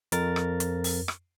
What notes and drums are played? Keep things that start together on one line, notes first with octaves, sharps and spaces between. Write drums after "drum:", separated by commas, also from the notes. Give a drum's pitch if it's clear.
F2 A#4 A6, drum: hi-hat
drum: rim click
drum: hi-hat
drum: open hi-hat
drum: rim click